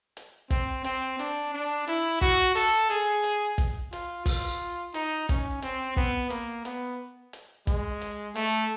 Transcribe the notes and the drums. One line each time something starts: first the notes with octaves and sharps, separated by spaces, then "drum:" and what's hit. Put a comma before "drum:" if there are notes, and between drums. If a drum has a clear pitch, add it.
drum: hi-hat
C4, drum: kick, hi-hat
C4, drum: hi-hat
D4, drum: hi-hat
D4
E4, drum: hi-hat
F#4, drum: kick, hi-hat
A4, drum: hi-hat
G#4, drum: hi-hat
drum: hi-hat
drum: kick, hi-hat
F4, drum: hi-hat
F4, drum: kick, open hi-hat
D#4, drum: hi-hat
C#4, drum: kick, hi-hat
C4, drum: hi-hat
B3, drum: kick
A#3, drum: hi-hat
B3, drum: hi-hat
drum: hi-hat
G#3, drum: kick, hi-hat
drum: hi-hat
A3, drum: hi-hat